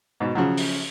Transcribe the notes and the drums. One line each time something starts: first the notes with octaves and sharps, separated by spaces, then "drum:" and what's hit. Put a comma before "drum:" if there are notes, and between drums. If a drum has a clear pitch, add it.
G#2 B2
C#3 F3 F#3
drum: open hi-hat